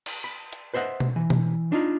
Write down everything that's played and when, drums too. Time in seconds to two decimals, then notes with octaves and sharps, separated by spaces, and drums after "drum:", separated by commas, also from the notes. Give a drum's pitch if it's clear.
0.06 drum: cymbal
0.24 B5
0.53 drum: hi-hat
0.74 B4 C5 D#5 E5 F#5
1.00 drum: tom B2
1.16 E3
1.30 drum: tom B2
1.72 D4 D#4 F4